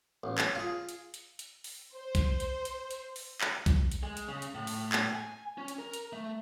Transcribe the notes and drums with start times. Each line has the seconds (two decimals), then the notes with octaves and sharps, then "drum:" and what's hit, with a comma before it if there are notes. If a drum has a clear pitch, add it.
0.24 A1
0.38 C#5, drum: clap
0.55 F4 G#4
0.89 drum: hi-hat
1.14 drum: hi-hat
1.39 drum: hi-hat
1.64 drum: open hi-hat
1.95 C5
2.15 drum: kick B1, hi-hat
2.40 drum: hi-hat
2.65 drum: hi-hat
2.91 drum: hi-hat
3.16 drum: open hi-hat
3.41 drum: clap
3.66 drum: kick B1, hi-hat
3.92 drum: hi-hat
4.03 G#3
4.17 drum: hi-hat
4.28 C#3
4.42 drum: hi-hat
4.55 A2
4.67 drum: open hi-hat
4.92 drum: clap
5.13 G#5
5.58 C#4
5.68 drum: hi-hat
5.79 A#4
5.93 drum: hi-hat
6.13 A3